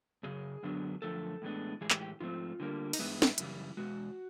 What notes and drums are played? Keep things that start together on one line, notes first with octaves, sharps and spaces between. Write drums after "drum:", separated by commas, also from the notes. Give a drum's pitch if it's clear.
F#2 C#3 G#4
F#2 D3 F#3 B3 D4
F#2 D3 F3 A3 A4
A2 E3 G#3 B3 D4
A2 E3 G#3 G#4
G4, drum: clap
G4
G#2 F3 A3 C4 F4
D3 G3 A#3
D#4, drum: cymbal
G2 E3 G#3 B3 E4
drum: snare
F#2 C#3 E3 G3, drum: hi-hat
E2 B2 G#3 F#4